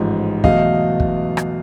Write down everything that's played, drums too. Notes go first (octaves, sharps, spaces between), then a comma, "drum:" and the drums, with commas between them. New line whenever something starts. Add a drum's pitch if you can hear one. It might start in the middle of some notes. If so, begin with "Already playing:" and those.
Already playing: A1 G#2 F3
E2 B2 F#3 A3 D#5 F5, drum: kick
drum: kick
drum: rim click